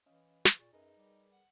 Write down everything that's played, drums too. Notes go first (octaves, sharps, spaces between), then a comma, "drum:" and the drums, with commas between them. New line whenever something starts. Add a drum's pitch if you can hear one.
E3 C#4 D#5 F5
drum: snare
A#2 G#4 C#6 A6
F#2 D#4 G#4 A#4 B4
G3
F#5